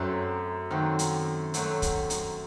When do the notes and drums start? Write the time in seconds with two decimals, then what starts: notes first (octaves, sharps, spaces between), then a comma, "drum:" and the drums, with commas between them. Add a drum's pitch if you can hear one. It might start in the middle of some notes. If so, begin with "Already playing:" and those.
Already playing: F#2 F#3 A3 C4 F#4
0.71 D#3 F#3 A3 C4 F#4
0.99 drum: hi-hat
1.54 F#3 A3 C4 F#4, drum: hi-hat
1.82 drum: kick, hi-hat
2.10 drum: hi-hat